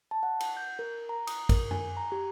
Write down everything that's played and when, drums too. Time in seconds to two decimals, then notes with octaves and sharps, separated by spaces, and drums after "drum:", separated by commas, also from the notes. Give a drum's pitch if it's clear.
0.11 A5
0.23 F#5
0.40 F#5, drum: cymbal
0.57 G6
0.79 A#4
1.09 A#5
1.27 D#6, drum: cymbal
1.49 A#4, drum: kick, cymbal
1.71 G#5, drum: tom F#2
1.97 A#5
2.12 G4